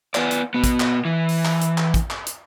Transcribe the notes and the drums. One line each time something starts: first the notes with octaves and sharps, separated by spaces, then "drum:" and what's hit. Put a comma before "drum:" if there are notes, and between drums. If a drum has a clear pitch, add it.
B3 D5, drum: clap
drum: hi-hat
B2 B3
drum: kick, hi-hat
drum: clap
E3
drum: open hi-hat
drum: clap
drum: hi-hat
drum: clap
drum: kick, hi-hat
drum: clap
drum: hi-hat